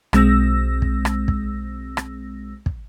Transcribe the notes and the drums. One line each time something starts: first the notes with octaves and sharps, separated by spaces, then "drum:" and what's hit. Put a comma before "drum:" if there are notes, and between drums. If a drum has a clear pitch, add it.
B1 G#3 C4 E6 A#6, drum: rim click
drum: kick
drum: rim click
drum: kick
drum: rim click
drum: kick